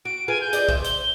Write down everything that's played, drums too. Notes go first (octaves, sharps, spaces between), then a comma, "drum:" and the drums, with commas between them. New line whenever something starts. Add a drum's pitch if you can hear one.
F#4 D7
F4 G#4 B4 G#5
G6
G#4 D5 D#5, drum: hi-hat
C#3 C5 E5, drum: kick B1
G7, drum: hi-hat